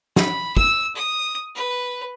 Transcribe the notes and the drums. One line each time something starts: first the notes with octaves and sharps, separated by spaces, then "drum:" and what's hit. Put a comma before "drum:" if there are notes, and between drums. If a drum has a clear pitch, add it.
B5, drum: snare
E6, drum: kick
D#6
B4